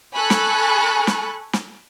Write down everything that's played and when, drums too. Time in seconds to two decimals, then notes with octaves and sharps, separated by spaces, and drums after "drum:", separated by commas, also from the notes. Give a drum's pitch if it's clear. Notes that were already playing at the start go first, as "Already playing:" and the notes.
0.15 A4 G#5 B5 C#6 F#6
0.30 drum: snare
1.07 drum: snare
1.53 drum: snare